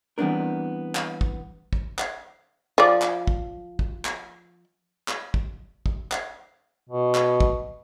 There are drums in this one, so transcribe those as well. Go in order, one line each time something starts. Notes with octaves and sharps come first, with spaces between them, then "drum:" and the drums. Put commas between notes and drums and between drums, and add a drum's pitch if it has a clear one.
E3 G3 B3 C4 D4 A#4
drum: clap
drum: kick
drum: kick
drum: clap
F3 D5
drum: clap
drum: kick
drum: kick
drum: clap
drum: clap
drum: kick
drum: kick
drum: clap
B2
drum: clap
drum: kick